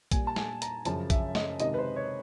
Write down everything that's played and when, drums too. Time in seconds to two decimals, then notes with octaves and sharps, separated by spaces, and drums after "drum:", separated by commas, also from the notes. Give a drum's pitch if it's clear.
0.11 A#2 G3 G#5, drum: kick, hi-hat
0.27 A5
0.36 G#5, drum: snare
0.62 A#5, drum: hi-hat
0.85 F#2 C#3 F3 A5, drum: hi-hat
1.10 E5, drum: kick, hi-hat
1.35 D#5, drum: snare
1.60 C3 D#3 G#3 D#5, drum: hi-hat
1.74 B4
1.78 C5
1.96 C#5